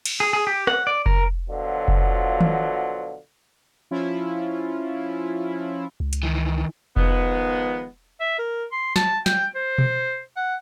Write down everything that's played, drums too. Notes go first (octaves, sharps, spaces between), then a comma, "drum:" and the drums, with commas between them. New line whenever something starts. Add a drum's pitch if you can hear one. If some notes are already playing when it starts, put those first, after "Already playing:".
drum: cymbal
G#4
G#4
G4
F#5, drum: rim click
D5
A#4, drum: kick F1
B2 D3 F3 F#3 F4
drum: kick F1
drum: tom D#3
F3 C#4 E4 F4
C#2
drum: hi-hat
D#3 E3
D#3 F3 G#3 B3, drum: kick F1
E5
A#4
C6
A5, drum: snare
G5, drum: snare
C5
drum: tom B2
F#5